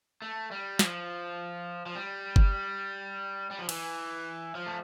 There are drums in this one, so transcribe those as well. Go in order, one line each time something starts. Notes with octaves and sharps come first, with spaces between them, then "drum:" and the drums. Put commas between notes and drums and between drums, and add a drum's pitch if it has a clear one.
A3
G3
F3, drum: snare
F3
G3
drum: kick F#1
G3
F3
E3, drum: cymbal
F3
A3